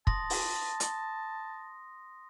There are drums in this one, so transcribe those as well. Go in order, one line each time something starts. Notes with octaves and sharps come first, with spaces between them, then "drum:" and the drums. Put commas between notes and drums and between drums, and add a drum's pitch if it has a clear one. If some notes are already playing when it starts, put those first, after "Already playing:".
A5 C6 D#6 A#6, drum: kick
drum: open hi-hat
drum: hi-hat